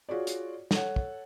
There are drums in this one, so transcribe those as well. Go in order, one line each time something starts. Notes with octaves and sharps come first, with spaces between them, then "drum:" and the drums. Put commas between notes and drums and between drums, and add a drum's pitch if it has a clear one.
F4 F#4 G#4 C#5 D5
drum: hi-hat
A4 C#5 F#5, drum: snare
drum: kick